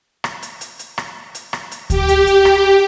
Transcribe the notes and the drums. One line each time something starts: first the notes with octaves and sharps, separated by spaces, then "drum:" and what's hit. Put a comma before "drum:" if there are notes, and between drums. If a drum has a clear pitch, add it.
drum: rim click
drum: hi-hat
drum: hi-hat
drum: hi-hat
drum: rim click
drum: hi-hat
drum: rim click
drum: hi-hat
G4, drum: kick D2, hi-hat
drum: hi-hat
drum: hi-hat
drum: rim click